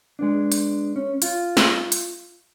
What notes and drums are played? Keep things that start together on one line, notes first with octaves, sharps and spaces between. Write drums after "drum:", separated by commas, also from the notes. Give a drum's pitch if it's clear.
G#3 B3 D4
drum: hi-hat
C#4
F4, drum: hi-hat
drum: snare
drum: hi-hat